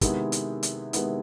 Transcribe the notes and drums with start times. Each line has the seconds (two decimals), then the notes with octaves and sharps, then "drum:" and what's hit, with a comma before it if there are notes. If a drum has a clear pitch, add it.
0.01 C3 D#3 G#3 B3 E4, drum: kick, hi-hat
0.32 drum: hi-hat
0.63 drum: hi-hat
0.93 C3 D#3 G#3 B3 E4, drum: hi-hat